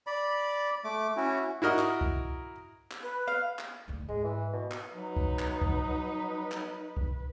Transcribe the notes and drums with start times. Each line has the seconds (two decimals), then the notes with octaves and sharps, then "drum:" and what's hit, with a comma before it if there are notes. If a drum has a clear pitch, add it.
0.07 D5 B5
0.84 A3 D6
1.17 C#4 E4 F#4
1.62 E4 F#4 A#4 D#5
1.79 drum: clap
2.01 drum: kick C2
2.91 drum: clap
3.03 B4
3.28 F5
3.59 drum: clap
3.88 D2 D3
4.08 G#2 G#3
4.24 E3
4.53 B2
4.71 drum: clap
4.94 F#3 D#4 B4
5.16 drum: kick C2
5.39 drum: clap
5.62 drum: kick C2
6.52 drum: clap
6.97 drum: kick C2